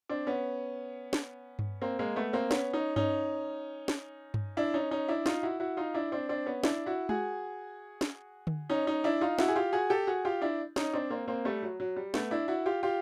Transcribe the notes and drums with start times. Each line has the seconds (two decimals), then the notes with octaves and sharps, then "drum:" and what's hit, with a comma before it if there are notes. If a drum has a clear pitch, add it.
0.09 C4 D4
0.27 B3 C#4
1.13 drum: snare
1.59 drum: tom G2
1.82 A#3 C4
1.99 G#3 A#3
2.16 A3 B3
2.33 A#3 C4
2.51 B3 C#4, drum: snare
2.73 C#4 D#4
2.96 C#4 D#4, drum: tom G2
3.88 drum: snare
4.34 drum: tom G2
4.57 D4 E4
4.74 C#4 D#4
4.91 C#4 D#4
5.08 D4 E4
5.26 D#4 F4, drum: snare
5.43 E4 F#4
5.60 E4 F#4
5.77 D#4 F4
5.94 D4 E4
6.12 C4 D4
6.29 C4 D4
6.46 B3 C#4
6.64 D4 E4, drum: snare
6.86 E4 F#4
7.09 F#4 G#4, drum: tom G#3
8.01 drum: snare
8.47 drum: tom D3
8.70 C#4 D#4
8.87 C#4 D#4
9.04 D4 E4
9.21 D#4 F4
9.39 E4 F#4, drum: snare
9.48 G#4
9.56 F4 G4
9.73 F#4 G#4
9.90 G4 A4
10.07 F#4 G#4
10.25 F4 G4
10.42 D4 E4
10.76 C#4 D#4, drum: snare
10.93 C4 D4
11.10 A#3 C4
11.28 A#3 C4
11.45 G3 A3
11.62 F#3
11.80 F#3
11.96 G3
12.14 A3 B3, drum: snare
12.31 D4 E4
12.48 E4 F#4
12.66 F4 G4
12.83 F4 G4